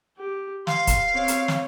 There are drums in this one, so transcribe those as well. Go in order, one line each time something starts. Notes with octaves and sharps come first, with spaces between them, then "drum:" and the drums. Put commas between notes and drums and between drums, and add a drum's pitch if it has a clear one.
G4
F5 C6, drum: snare
drum: kick, hi-hat
C4 C#5
drum: hi-hat
drum: snare